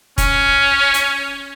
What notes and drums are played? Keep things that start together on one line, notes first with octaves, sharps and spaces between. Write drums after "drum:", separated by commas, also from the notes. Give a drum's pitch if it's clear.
C#4, drum: kick E1, hi-hat
drum: hi-hat